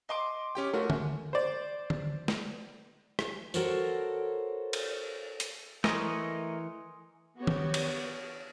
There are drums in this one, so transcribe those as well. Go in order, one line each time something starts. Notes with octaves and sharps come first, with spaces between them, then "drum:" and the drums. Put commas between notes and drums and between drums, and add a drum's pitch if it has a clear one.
D#5 C6 D6
C#4 G4 G5
A3 F4 F#4 A#4 C#5
G#3 C#4 E5, drum: tom D3
C5 D5
drum: tom D3
drum: snare
drum: rim click
F#4 A4 A#4 C5 C#5, drum: tambourine
drum: cymbal
drum: hi-hat
E3 A3 A#4 C#5 D#5 G#5 C6 D#6, drum: snare
B3 F#4 G4 C#5
drum: tom D#3
drum: cymbal